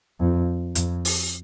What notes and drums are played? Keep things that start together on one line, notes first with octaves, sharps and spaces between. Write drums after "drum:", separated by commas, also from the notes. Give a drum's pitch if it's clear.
F2
F2, drum: hi-hat
drum: open hi-hat